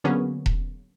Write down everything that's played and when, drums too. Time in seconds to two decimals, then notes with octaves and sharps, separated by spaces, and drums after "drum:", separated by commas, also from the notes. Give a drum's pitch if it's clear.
0.04 D3 F#3 A#3 B3 C#4 G#4
0.46 drum: kick E1